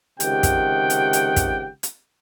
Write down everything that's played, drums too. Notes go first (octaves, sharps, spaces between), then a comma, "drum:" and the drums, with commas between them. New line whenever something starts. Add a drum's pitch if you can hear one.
C#2 C3 D#3 G4 F#5 G5, drum: hi-hat
drum: kick, hi-hat
drum: hi-hat
drum: hi-hat
drum: kick, hi-hat
drum: hi-hat